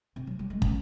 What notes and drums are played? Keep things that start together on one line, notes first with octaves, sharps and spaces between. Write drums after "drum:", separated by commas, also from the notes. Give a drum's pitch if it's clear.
C3
F#3
G3
G#3
C#4, drum: kick